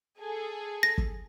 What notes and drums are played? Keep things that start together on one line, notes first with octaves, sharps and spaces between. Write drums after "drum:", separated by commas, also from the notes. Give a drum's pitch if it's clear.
G#4 A4
A#6
drum: kick